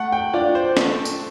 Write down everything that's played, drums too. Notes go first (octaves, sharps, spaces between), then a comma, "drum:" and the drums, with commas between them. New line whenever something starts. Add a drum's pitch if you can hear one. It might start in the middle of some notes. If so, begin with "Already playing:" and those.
Already playing: A3 F#5
G5
D4 F4 D5
C5
A3, drum: snare
drum: tambourine